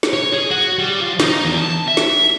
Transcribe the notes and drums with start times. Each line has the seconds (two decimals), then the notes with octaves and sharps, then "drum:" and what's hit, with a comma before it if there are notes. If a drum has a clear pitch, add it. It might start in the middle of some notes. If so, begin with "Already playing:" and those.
0.03 drum: snare
0.13 C#5
0.33 G#4
0.51 F#4
0.79 G3
1.01 F3
1.20 D#4, drum: snare
1.44 E2
1.58 A5
1.88 E5
1.97 drum: snare